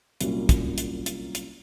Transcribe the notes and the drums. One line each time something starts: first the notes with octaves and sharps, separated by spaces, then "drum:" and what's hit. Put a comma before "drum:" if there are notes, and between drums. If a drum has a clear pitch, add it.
C2 A#2 F#3 A#3 C#4, drum: hi-hat
drum: kick, hi-hat
drum: hi-hat
drum: hi-hat
drum: hi-hat